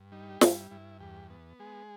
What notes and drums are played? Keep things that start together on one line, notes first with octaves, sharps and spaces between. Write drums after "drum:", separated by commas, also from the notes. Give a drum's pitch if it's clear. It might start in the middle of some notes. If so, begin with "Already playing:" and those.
Already playing: G2
G3 D#4
G4
G2 E4, drum: snare
G2 E4
E2 G4
B3
G#3 G#4